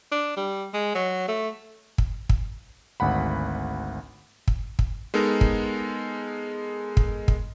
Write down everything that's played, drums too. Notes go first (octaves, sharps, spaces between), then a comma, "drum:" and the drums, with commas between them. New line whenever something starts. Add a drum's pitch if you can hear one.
D4
G3
G#3
F#3
A3
drum: kick
drum: kick
G#1 D2 F#5 B5
drum: kick
drum: kick
G#3 B3 D#4 A4 A#4
drum: kick
drum: kick
drum: kick